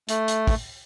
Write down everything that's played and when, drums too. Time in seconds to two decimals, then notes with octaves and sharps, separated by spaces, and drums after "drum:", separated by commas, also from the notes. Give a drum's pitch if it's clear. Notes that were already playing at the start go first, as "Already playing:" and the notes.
0.09 A3, drum: hi-hat
0.28 drum: hi-hat
0.47 drum: kick, open hi-hat